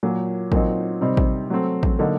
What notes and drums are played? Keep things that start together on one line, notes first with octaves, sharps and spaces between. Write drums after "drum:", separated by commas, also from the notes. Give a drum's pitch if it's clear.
A#2 F#3 A#3
A#2 F#3 C4 D#4, drum: kick A1
C3 G3 C4 D#4
drum: kick A1
F#3 A3 C4
drum: kick A1
D3 F#3 A#3 D#4